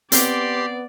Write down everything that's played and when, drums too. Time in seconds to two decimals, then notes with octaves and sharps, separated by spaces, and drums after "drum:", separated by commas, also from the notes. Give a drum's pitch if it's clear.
0.12 B3 C4 G4 D5 C6, drum: hi-hat